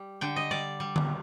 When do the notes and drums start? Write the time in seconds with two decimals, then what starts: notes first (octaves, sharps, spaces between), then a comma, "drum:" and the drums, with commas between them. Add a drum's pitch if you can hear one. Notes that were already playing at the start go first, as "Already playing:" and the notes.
Already playing: G3
0.21 D3 G5
0.36 D#5
0.51 G3 D5
0.80 G3
0.96 drum: tom D3